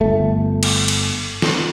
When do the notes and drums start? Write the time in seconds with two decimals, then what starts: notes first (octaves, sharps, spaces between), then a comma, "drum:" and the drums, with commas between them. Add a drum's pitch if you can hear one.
0.01 G1 A3
0.63 drum: cymbal
0.88 drum: cymbal
1.42 drum: snare